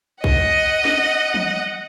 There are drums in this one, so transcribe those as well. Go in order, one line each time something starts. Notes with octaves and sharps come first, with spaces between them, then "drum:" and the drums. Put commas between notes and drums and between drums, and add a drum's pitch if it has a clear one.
D#5 F#5, drum: kick B1
drum: snare
drum: tom